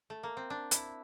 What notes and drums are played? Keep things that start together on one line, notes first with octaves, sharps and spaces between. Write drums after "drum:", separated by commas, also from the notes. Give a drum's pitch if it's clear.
A3
A#3
C4
D4
E4, drum: hi-hat